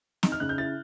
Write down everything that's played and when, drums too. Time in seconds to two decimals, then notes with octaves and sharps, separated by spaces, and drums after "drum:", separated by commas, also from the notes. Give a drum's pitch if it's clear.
0.23 D#4, drum: snare
0.32 F6
0.40 C#3 F#6
0.49 G6
0.58 E4 A6